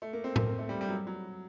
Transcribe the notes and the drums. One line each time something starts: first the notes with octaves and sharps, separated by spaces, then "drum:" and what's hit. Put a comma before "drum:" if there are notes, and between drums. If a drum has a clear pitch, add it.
A3
A#3
C4
A#3, drum: tom A2
A#3
A3
G3
G3
F#3
F#3